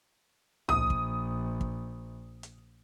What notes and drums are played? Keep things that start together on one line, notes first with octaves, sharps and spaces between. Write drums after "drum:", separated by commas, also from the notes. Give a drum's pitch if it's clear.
A#1 D#6, drum: tom C#2
drum: kick
drum: kick
drum: hi-hat